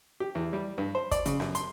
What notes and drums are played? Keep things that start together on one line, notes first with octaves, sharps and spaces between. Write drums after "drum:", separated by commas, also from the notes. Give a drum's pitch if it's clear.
G4
E2
G3
G2
C5
D5, drum: kick, hi-hat
C#3, drum: hi-hat
F#2, drum: snare
C6, drum: hi-hat